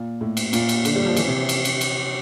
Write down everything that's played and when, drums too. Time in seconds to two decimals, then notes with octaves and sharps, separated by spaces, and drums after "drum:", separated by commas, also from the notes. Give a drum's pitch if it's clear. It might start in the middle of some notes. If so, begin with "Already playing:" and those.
Already playing: A#2
0.21 A2
0.37 drum: cymbal
0.53 A#2, drum: cymbal
0.69 drum: cymbal
0.85 D3, drum: cymbal
0.95 G3
1.06 F3
1.17 E3, drum: cymbal
1.27 C3
1.49 drum: cymbal
1.65 drum: cymbal
1.81 drum: cymbal